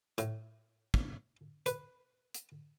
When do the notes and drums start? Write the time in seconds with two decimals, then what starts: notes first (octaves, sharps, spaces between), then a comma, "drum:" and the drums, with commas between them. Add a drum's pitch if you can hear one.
0.18 A2, drum: hi-hat
0.94 drum: kick
1.66 B4, drum: hi-hat
2.34 drum: hi-hat